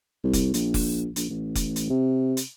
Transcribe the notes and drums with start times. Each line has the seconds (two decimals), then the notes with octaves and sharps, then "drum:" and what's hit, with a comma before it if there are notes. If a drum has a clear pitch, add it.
0.24 C2
0.33 drum: kick F1, hi-hat
0.54 A#1, drum: hi-hat
0.74 drum: kick F1, open hi-hat
1.16 A#1, drum: hi-hat
1.30 A1
1.55 drum: kick F1, hi-hat
1.76 drum: hi-hat
1.90 C3
2.37 drum: hi-hat